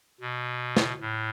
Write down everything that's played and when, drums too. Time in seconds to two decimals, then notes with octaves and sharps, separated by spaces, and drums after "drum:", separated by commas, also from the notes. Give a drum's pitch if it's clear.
0.21 B2
0.77 drum: snare
1.00 A2